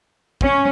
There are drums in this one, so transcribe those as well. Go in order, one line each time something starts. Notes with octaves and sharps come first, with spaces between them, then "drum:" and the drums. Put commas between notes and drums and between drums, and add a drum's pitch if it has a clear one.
C#4, drum: kick